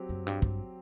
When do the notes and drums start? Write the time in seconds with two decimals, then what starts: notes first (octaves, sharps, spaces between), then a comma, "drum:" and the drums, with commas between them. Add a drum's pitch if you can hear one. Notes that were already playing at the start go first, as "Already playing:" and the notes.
Already playing: F#3 C4 G4
0.09 F#2
0.27 G2
0.42 G2, drum: kick